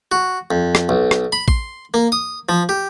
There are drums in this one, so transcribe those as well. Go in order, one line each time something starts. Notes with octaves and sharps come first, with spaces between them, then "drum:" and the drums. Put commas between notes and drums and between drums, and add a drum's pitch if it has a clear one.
F#4
F2
drum: rim click
B1
drum: rim click
B5
C6, drum: kick A1
A#3
D#6
F3
G4